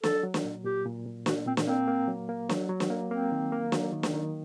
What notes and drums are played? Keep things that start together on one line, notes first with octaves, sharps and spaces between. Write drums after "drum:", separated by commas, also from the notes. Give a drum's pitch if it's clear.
F#3 A4, drum: snare
F#3
drum: snare
A#2
A#2 G4
A#2
A#2
A#3 F#4, drum: snare
A#2 C4
drum: snare
A#3 C4
A#3
F#3
A#3
F#3, drum: snare
F#3
drum: snare
A#3
A#3 C4
D#3
A#3
F#3, drum: snare
D#3
drum: snare
D#3